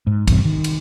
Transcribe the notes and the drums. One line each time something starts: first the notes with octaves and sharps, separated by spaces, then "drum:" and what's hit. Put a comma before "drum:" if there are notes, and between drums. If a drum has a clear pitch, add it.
G#2
E2 G2 C3, drum: kick, cymbal
D#3
drum: cymbal